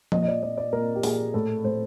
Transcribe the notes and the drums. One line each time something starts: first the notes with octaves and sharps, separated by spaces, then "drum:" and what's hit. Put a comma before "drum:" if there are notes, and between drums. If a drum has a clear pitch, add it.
A#2 D#5, drum: tom F3
D#5
D5
A#2 D5
D5
A#2 A#4
G4
A#2 G#4, drum: open hi-hat
A2 A4
A2 C5